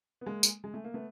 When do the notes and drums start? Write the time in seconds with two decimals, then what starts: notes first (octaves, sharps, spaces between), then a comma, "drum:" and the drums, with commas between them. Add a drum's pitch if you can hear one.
0.21 B3
0.26 G#3 A#3
0.43 drum: tambourine
0.64 G#3
0.74 A3
0.84 A#3
0.94 A3 B3